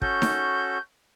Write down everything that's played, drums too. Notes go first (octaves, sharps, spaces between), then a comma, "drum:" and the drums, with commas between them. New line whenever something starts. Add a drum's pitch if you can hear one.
C#4 F#4 A4 G6, drum: kick
drum: snare D#4